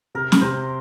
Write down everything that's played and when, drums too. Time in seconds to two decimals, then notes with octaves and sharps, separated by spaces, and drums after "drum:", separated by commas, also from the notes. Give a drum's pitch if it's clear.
0.15 C3 A#4
0.32 drum: snare
0.41 C3 C5